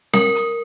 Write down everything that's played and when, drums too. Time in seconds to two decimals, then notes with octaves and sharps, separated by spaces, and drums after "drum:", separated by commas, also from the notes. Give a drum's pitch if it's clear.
0.14 A#4, drum: snare
0.35 drum: hi-hat